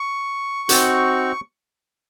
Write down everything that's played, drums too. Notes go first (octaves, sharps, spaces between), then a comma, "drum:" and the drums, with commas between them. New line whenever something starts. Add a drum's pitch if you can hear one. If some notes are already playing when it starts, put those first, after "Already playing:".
Already playing: C#6
C4 D#4 F#4, drum: hi-hat